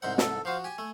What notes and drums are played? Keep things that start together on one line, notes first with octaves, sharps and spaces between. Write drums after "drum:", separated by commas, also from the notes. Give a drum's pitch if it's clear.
C2 G#2 C5 F#5 G6
A4, drum: snare
F3 F#4 C5 F5
G4 G#5
A3